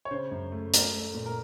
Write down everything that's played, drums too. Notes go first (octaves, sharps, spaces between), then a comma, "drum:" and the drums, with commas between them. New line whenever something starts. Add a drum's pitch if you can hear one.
C#5
C#3 C5
F#2
A3
A3 A#4, drum: hi-hat
A3
A#2
A#4